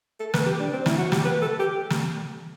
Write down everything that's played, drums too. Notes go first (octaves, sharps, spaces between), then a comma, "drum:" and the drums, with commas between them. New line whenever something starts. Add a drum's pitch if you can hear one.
A4
B4, drum: snare
G4
D4
C4
E4, drum: snare
F#4
G4, drum: snare
B4
A4
G4
drum: snare